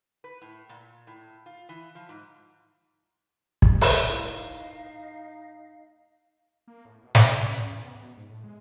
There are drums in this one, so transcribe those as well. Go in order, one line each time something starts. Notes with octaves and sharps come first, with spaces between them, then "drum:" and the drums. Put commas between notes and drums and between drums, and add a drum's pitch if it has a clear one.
B4
A2
A#2
A2
F4
E3
F3
G#2
drum: kick
drum: open hi-hat
A2 D#4 D#5 F5
A#3
A2
B2
D2, drum: snare
B1
C#4
E2
B3
B2
G#2
A2
G#3